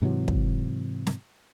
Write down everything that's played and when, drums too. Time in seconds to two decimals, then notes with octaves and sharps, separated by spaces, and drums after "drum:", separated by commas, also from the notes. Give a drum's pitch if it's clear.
0.02 G#2 C3 E3 F#3
0.28 drum: kick
1.07 drum: snare